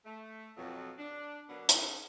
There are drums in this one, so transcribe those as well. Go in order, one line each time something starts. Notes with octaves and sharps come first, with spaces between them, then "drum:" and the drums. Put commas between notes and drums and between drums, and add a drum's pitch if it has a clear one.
A3
F2 B2 F#3
D4
B2 D3 F#3 A#3 B3 D4
C#4 D#4 F#4 G#4 A4 C#5, drum: hi-hat